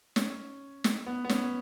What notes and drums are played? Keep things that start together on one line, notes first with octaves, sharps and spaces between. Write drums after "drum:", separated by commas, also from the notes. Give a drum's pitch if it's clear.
C#4, drum: snare
drum: snare
B3
B3
C#4, drum: snare